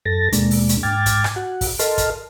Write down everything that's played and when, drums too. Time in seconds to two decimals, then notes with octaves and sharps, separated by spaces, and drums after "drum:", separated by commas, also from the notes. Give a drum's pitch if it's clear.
0.06 F#2 A4 A6 A#6
0.32 D#2 B2 G#3 A#3 D4, drum: hi-hat
0.51 drum: open hi-hat
0.69 drum: hi-hat
0.83 G#2 G5 D6 F6 G#6 A6
1.06 drum: kick, hi-hat
1.24 drum: rim click
1.36 F#4 F#5
1.61 drum: kick, open hi-hat
1.79 A4 A#4 D#5 A5 C6 F6, drum: hi-hat
1.98 drum: kick, hi-hat